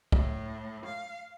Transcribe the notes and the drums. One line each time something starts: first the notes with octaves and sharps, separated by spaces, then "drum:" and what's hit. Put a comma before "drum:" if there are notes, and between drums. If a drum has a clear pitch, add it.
A2, drum: kick
F5